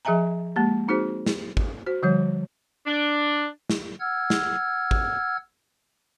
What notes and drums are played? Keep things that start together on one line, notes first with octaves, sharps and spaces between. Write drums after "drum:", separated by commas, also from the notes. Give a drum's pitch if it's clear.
F3 G#4 D#5 E5 G#5 A#5
G#3 A#3 G4
C4 D#4 F#4 G#4 C5
drum: snare
drum: kick G#1
F#4 C5
D3 F3 G3 C#5
D4
drum: snare
F#5 E6 F6 G#6
drum: snare
drum: kick G#1